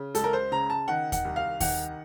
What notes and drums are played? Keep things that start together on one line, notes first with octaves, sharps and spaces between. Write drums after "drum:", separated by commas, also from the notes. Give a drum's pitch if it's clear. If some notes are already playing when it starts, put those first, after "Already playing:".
Already playing: C#3
C#2 A4, drum: hi-hat
A#4
C5
C#3 A#5
A5
D#3 F#5
F#5, drum: kick D#2, hi-hat
C2
F5
D#3 F#5, drum: kick D#2, open hi-hat